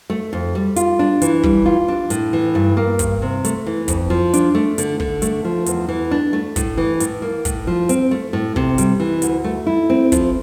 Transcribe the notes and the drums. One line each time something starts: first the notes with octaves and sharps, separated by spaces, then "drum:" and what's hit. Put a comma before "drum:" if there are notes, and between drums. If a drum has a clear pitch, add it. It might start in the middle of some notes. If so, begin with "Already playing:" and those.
A3
F2
G3
F4, drum: hi-hat
D4
E3, drum: hi-hat
G3, drum: kick
F4
D4
A2, drum: hi-hat
E3
G2
A#3
G2, drum: kick, hi-hat
C3
A3, drum: hi-hat
E3
F2, drum: kick, hi-hat
F3
D4, drum: hi-hat
A3
D3, drum: hi-hat
D3, drum: kick
A3, drum: hi-hat
F3
E2, drum: hi-hat
E3
D4
A3
A2, drum: kick, hi-hat
E3
A2, drum: hi-hat
A#3
A2, drum: kick, hi-hat
F3
C4, drum: hi-hat
A3
A2
C3, drum: kick
G3, drum: hi-hat
E3
D2, drum: hi-hat
A3
E4
C4
F3, drum: kick, hi-hat